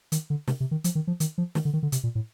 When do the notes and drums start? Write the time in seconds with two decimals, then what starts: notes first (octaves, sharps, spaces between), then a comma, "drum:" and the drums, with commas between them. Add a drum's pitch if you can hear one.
0.12 D#3, drum: hi-hat
0.30 D3
0.48 C3, drum: snare
0.60 C3
0.71 D#3
0.84 F3, drum: hi-hat
0.95 D#3
1.07 F3
1.20 D#3, drum: hi-hat
1.38 F3
1.55 D#3, drum: snare
1.65 D3
1.73 D#3
1.83 D3
1.92 C3, drum: hi-hat
2.03 A#2
2.15 A2